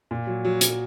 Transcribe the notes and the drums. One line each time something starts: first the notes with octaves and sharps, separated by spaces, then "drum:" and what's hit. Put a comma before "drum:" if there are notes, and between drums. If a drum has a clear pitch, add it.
A#2
F#3
F#3
F#3, drum: hi-hat